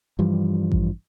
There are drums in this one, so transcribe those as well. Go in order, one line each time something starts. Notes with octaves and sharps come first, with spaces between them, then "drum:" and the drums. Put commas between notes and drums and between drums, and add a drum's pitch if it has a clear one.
G2 E3 F3 G3
drum: kick A1